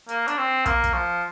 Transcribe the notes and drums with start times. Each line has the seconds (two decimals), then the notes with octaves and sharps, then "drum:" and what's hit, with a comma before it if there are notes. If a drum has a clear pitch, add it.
0.09 A#3, drum: hi-hat
0.28 D4, drum: hi-hat
0.38 C4
0.66 A#3, drum: kick, hi-hat
0.84 drum: kick, hi-hat
0.94 F3